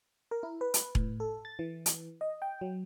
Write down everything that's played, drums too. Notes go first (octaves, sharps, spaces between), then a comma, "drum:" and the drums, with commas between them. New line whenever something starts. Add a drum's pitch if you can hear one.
A#4
E4
B4
drum: hi-hat
A2, drum: kick E1
A4
A6
E3
drum: hi-hat
D#5
G5
F#3